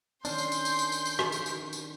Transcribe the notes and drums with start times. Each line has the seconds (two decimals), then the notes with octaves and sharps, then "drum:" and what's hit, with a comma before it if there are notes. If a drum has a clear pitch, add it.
0.25 D#3 C#4 D4 C6 G6, drum: tambourine
0.38 drum: tambourine
0.52 drum: tambourine
0.65 drum: tambourine
0.79 drum: tambourine
0.92 drum: tambourine
1.05 drum: tambourine
1.19 drum: rim click
1.32 drum: tambourine
1.46 drum: tambourine
1.73 drum: tambourine